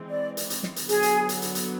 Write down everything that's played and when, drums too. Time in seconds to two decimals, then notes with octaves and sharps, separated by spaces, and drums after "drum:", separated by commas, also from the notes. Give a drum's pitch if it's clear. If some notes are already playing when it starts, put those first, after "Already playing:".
Already playing: E3 G#3 C4
0.10 D5
0.37 drum: hi-hat
0.50 drum: hi-hat
0.63 drum: snare
0.76 drum: hi-hat
0.89 D3 F#3 B3 G#4, drum: hi-hat
1.03 drum: hi-hat
1.29 drum: hi-hat
1.42 drum: hi-hat
1.55 drum: hi-hat